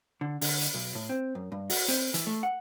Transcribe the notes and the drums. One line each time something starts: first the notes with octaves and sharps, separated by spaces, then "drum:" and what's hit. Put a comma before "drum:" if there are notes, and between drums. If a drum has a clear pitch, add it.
D3
D3, drum: open hi-hat
drum: hi-hat
B1
A2
C4
F#2
G2
F#4, drum: open hi-hat
C4, drum: hi-hat
E3, drum: hi-hat
A3
F#5